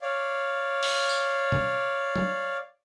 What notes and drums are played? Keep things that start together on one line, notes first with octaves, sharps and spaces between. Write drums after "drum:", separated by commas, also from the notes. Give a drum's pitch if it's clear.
C#5 D5 F5
drum: open hi-hat
drum: tambourine
drum: tom B2
drum: tom